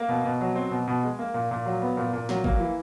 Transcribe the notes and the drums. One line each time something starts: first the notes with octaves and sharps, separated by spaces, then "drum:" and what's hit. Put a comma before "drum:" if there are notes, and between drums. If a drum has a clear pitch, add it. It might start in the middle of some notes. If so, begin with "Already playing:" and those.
Already playing: A#3
B2
B2
F#3
C4
B2
B2
G#3
A#3
A#2
A#2
F#3
B3
A#2
A#2
F#3, drum: snare
A#3, drum: kick
E3